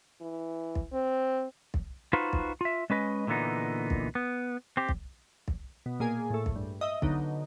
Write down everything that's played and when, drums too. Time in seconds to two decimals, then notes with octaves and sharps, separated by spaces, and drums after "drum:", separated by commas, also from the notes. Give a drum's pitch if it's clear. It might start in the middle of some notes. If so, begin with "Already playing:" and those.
0.21 E3
0.75 drum: kick
0.92 C4
1.74 drum: kick
2.13 D#4 F4 F#4 B4 C5
2.33 drum: kick
2.61 F4 E5
2.90 G#3 C#4 B4 D#5
3.27 A#2 D3 E3 B3 D#4
3.90 drum: kick
4.15 B3
4.77 C4 G4
4.89 drum: kick
5.48 drum: kick
5.86 B2
6.00 A#2 A#3 G#4 G#5
6.30 A2 A3
6.46 drum: kick
6.56 G2
6.81 D#5 E5
7.02 D3 F#3 B3 D#4, drum: kick